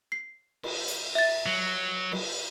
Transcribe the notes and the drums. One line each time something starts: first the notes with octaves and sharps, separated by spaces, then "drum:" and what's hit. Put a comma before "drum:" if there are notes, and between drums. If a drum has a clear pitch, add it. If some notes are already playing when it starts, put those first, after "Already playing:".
C7
drum: cymbal
drum: hi-hat
E5 A6
F#3
drum: cymbal